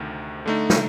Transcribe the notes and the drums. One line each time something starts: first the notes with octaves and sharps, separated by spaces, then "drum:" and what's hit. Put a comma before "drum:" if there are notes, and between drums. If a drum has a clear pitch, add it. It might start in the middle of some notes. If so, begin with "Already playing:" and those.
Already playing: D2 C3 D#3
D3 A3 D#4
drum: snare